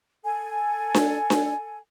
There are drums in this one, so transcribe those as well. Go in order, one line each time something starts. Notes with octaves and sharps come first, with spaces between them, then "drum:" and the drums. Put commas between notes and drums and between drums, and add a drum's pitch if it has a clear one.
A4 G#5
drum: snare D4
drum: snare D4